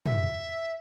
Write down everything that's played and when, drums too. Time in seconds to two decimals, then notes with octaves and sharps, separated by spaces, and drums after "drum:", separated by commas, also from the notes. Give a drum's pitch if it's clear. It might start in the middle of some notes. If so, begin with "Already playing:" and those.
0.06 E5, drum: tom